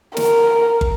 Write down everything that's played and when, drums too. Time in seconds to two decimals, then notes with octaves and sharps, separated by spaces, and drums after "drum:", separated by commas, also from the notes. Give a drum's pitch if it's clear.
0.17 A#4, drum: snare
0.81 drum: kick